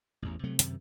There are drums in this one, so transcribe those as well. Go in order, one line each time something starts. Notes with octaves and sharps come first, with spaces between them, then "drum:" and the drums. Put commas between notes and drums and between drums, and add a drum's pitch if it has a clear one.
A1 E2
C3 F#3 A3
F#2 C3 D#3, drum: hi-hat